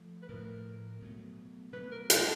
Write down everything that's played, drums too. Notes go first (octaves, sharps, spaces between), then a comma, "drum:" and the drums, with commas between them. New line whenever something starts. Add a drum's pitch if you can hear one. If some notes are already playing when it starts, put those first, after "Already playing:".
Already playing: F3 A3
B4
A2 F3 A3 A#4
B2 F#3 A3
B2 F#3 A3 B4
A#4
A4, drum: hi-hat